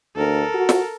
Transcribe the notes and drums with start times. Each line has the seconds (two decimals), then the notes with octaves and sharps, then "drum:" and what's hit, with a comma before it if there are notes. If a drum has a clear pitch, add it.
0.16 D2 A4 A#4
0.55 F#4
0.69 drum: snare